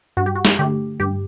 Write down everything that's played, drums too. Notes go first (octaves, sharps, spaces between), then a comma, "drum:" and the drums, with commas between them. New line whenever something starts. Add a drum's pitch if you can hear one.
G2 F#4
G4
F#4
drum: snare
D3 A3 G4
G2 G4